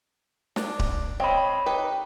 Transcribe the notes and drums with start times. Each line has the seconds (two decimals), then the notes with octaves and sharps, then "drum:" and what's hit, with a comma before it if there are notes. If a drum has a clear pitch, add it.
0.56 D4, drum: snare
0.79 drum: kick D1
1.20 C4 C#5 D#5 B5
1.66 D#4 G4 B4